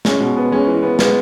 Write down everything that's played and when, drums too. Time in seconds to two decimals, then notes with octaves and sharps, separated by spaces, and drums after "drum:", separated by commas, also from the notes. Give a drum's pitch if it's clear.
0.05 G#3 C#4, drum: snare
0.20 B2
0.37 B3
0.52 G#3 C#4
0.67 E3
0.83 B3
0.99 G#3 B3, drum: snare